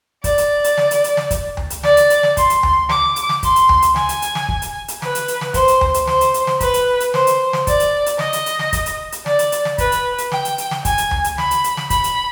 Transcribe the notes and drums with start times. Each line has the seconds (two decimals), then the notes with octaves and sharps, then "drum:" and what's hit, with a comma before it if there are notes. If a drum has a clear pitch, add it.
0.24 D5, drum: kick, hi-hat
0.38 drum: hi-hat
0.64 drum: hi-hat
0.78 drum: snare
0.91 drum: hi-hat
1.04 drum: hi-hat
1.17 drum: snare
1.31 drum: kick, hi-hat
1.57 drum: tom D2
1.70 drum: hi-hat
1.84 D5, drum: snare
1.97 drum: hi-hat
2.10 drum: hi-hat
2.23 drum: snare
2.37 C6, drum: kick, hi-hat
2.50 drum: hi-hat
2.63 drum: tom D2
2.90 D6, drum: snare
3.16 drum: hi-hat
3.29 drum: snare
3.43 C6, drum: kick, hi-hat
3.56 drum: hi-hat
3.69 drum: tom D2
3.82 drum: hi-hat
3.96 G#5, drum: snare
4.09 drum: hi-hat
4.22 drum: hi-hat
4.35 drum: snare
4.49 drum: kick
4.62 drum: hi-hat
4.88 drum: hi-hat
5.02 B4, drum: snare
5.15 drum: hi-hat
5.28 drum: hi-hat
5.41 drum: snare
5.54 C5, drum: kick, hi-hat
5.68 drum: hi-hat
5.81 drum: tom D2
5.94 drum: hi-hat
6.07 C5, drum: snare
6.21 drum: hi-hat
6.34 drum: hi-hat
6.47 drum: snare
6.60 B4, drum: kick, hi-hat
6.74 drum: hi-hat
7.00 drum: hi-hat
7.14 C5, drum: snare
7.27 drum: hi-hat
7.53 drum: snare
7.67 D5, drum: kick, hi-hat
7.80 drum: hi-hat
8.06 drum: hi-hat
8.19 D#5, drum: snare
8.33 drum: hi-hat
8.46 drum: hi-hat
8.59 drum: snare
8.73 drum: kick, hi-hat
8.86 drum: hi-hat
9.12 drum: hi-hat
9.26 D5, drum: snare
9.39 drum: hi-hat
9.52 drum: hi-hat
9.65 drum: snare
9.78 B4, drum: kick, hi-hat
9.92 drum: hi-hat
10.18 drum: hi-hat
10.32 G5, drum: snare
10.45 drum: hi-hat
10.58 drum: hi-hat
10.71 drum: snare
10.85 G#5, drum: kick, hi-hat
10.98 drum: hi-hat
11.11 drum: tom D2
11.24 drum: hi-hat
11.38 B5, drum: snare
11.51 drum: hi-hat
11.64 drum: hi-hat
11.77 drum: snare
11.90 B5, drum: kick, hi-hat
12.04 drum: hi-hat